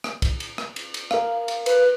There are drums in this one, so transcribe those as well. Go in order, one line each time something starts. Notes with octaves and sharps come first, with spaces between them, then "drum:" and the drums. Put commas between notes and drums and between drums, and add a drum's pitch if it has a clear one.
drum: rim click
drum: kick, cymbal
drum: cymbal
drum: rim click
drum: cymbal
drum: cymbal
A#4 F5, drum: rim click
drum: cymbal
B4, drum: cymbal